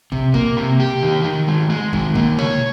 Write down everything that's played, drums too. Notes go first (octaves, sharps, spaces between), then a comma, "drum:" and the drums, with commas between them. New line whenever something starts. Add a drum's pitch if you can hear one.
C3, drum: kick
A#3, drum: kick
C3
G4
D#3
D#3
G#3
G#3
D#3, drum: kick
A#3, drum: kick
C#5, drum: tom B2